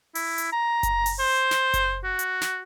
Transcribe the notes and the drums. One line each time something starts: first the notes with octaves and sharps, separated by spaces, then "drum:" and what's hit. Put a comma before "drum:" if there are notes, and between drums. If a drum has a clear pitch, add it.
E4, drum: open hi-hat
drum: hi-hat
A#5
drum: kick F#1, hi-hat
drum: open hi-hat
C5
drum: snare
drum: kick F#1, hi-hat
F#4
drum: hi-hat
drum: snare